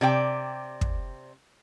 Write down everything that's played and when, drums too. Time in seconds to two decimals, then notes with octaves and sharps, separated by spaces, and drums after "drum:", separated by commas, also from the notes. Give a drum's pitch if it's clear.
0.01 C3 D5 G5
0.81 drum: kick